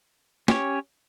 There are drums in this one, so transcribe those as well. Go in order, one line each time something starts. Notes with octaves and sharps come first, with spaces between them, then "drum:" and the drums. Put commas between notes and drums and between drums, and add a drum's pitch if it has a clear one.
C#4 G4 C#5, drum: snare